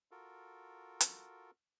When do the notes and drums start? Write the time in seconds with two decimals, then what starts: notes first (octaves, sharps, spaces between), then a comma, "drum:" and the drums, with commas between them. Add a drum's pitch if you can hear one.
0.11 F4 F#4 A4 A#4
1.01 drum: hi-hat